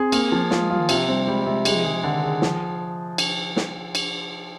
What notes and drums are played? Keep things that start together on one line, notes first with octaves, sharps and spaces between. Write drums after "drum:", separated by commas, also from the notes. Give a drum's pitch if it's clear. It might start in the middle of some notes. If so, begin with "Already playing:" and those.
Already playing: C4 G#4
A#3, drum: cymbal
F3
A#3 F4, drum: snare
G#3
G3 F4
D#3
C3 F3, drum: cymbal
G3 C4
G3 G#3
C3 G#3
G3 G#3, drum: cymbal
F3
D#3 G#4
F3
D3 D#3
G#4
F3, drum: snare
drum: cymbal
drum: snare
drum: cymbal